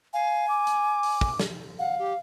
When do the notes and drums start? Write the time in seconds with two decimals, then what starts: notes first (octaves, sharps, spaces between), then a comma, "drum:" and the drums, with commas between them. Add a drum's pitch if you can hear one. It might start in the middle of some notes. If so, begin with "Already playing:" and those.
0.13 F5 G#5
0.49 D6
0.67 drum: hi-hat
1.03 drum: open hi-hat
1.21 drum: kick
1.40 drum: snare
1.79 F5 F#5
1.98 G4